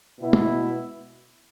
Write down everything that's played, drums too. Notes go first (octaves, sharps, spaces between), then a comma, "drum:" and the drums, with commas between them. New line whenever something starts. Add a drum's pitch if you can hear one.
B2 B3 E4
drum: tom